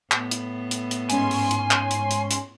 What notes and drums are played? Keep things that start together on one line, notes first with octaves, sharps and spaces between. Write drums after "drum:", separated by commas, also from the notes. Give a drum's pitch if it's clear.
A2 B3, drum: clap
drum: hi-hat
drum: hi-hat
drum: hi-hat
G#2 C#4 G#5 C6, drum: hi-hat
drum: open hi-hat
drum: hi-hat
drum: clap
drum: hi-hat
drum: hi-hat
drum: hi-hat